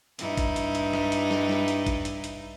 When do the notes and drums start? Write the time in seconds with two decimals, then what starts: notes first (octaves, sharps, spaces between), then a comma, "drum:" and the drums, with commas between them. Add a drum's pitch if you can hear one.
0.19 G2 D#4 E4, drum: hi-hat
0.37 drum: kick G#1, hi-hat
0.56 drum: hi-hat
0.75 drum: hi-hat
0.93 drum: snare
1.12 drum: hi-hat
1.31 drum: snare
1.49 drum: snare
1.68 drum: hi-hat
1.86 drum: kick G#1, hi-hat
2.05 drum: hi-hat
2.24 drum: hi-hat